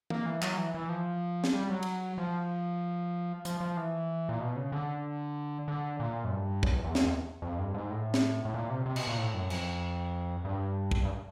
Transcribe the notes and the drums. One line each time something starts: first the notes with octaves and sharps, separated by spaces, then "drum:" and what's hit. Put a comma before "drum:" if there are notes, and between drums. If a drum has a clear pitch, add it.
A#3, drum: tom
E3
F#3, drum: clap
E3
E3
F3
drum: snare
G3
F#3
drum: cymbal
F3
F3, drum: hi-hat
F3
E3
A#2
B2
C#3
D3
D3
A#2
F#2
G2
F#2, drum: kick
E2
E2
F2, drum: snare
E2
F2
G2
G#2
A2
drum: snare
A2
A#2
C3
C3
B2, drum: cymbal
A#2
A2
F#2
F2, drum: cymbal
G2
drum: kick
G2